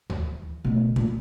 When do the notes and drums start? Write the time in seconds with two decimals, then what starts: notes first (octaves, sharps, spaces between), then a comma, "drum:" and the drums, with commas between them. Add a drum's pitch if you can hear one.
0.10 E3, drum: tom
0.65 B2 A3
0.96 A#2, drum: kick